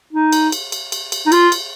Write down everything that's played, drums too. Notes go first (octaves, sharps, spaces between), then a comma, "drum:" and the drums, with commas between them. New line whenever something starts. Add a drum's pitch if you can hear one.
D#4
drum: cymbal
drum: cymbal
drum: cymbal
drum: cymbal
drum: cymbal
D#4
F4, drum: cymbal
drum: cymbal